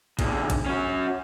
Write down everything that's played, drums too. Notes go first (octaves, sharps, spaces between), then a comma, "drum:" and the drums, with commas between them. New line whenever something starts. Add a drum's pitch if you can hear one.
E2 D3, drum: kick, cymbal
drum: kick, cymbal
C#4 F#4